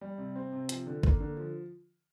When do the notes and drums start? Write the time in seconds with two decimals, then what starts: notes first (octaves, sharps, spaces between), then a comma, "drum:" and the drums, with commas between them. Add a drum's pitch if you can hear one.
0.01 G3
0.18 C3
0.36 C4
0.53 C3
0.69 F3, drum: hi-hat
0.86 D3
1.03 A#3, drum: kick
1.20 D3
1.37 F3